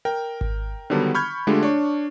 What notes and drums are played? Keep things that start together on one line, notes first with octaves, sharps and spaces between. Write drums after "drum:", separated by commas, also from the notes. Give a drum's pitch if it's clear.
A#4 G5
drum: kick G#1
D3 D#3 F#3 G3 B3 D4
B5 C#6 F6 G6 G#6
D3 G#3 A3 D4 F4 G4
D4 C#5 C#6